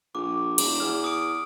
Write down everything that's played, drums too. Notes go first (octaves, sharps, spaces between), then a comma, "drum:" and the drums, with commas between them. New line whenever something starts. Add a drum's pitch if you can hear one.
A#1 D6
E1, drum: cymbal
E2 F6
D#6 D7